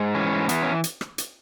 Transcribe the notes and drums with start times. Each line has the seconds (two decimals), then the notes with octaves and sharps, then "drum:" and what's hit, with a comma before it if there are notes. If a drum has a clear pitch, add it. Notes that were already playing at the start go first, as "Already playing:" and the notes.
Already playing: G#2
0.15 E3 C#4
0.49 E3 B3, drum: hi-hat
0.62 C#4
0.84 drum: hi-hat
1.01 drum: rim click
1.18 drum: hi-hat